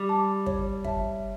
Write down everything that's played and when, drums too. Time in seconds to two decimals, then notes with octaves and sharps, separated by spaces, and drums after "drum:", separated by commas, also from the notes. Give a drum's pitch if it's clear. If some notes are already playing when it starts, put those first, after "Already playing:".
Already playing: G3
0.09 A5 D6
0.46 C#5, drum: kick
0.84 E5 A5, drum: kick